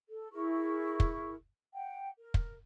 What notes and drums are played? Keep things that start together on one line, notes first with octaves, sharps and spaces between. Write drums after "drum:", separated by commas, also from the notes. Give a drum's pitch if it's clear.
A4
E4 G#4 A#4 C#6
drum: kick
F#5 G5
A#4
drum: kick